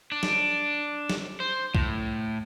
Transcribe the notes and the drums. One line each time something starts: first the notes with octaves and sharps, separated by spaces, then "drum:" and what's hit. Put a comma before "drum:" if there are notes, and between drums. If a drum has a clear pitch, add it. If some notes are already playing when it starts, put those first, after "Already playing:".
D4
drum: snare
drum: snare
C5
A2, drum: kick C2